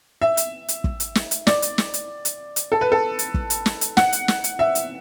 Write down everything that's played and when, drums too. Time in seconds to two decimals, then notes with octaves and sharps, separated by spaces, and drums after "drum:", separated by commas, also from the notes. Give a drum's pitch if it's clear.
0.22 E5
0.37 drum: hi-hat
0.68 drum: hi-hat
0.84 drum: kick
1.00 drum: hi-hat
1.15 drum: snare
1.31 drum: hi-hat
1.47 D5, drum: snare
1.62 drum: hi-hat
1.78 drum: snare
1.94 drum: hi-hat
2.25 drum: hi-hat
2.56 drum: hi-hat
2.72 A4
2.81 B4
2.92 A4
3.19 drum: hi-hat
3.34 drum: kick
3.50 drum: hi-hat
3.66 drum: snare
3.81 drum: hi-hat
3.97 F#5, drum: snare
4.13 drum: hi-hat
4.28 drum: snare
4.44 drum: hi-hat
4.59 E5
4.75 drum: hi-hat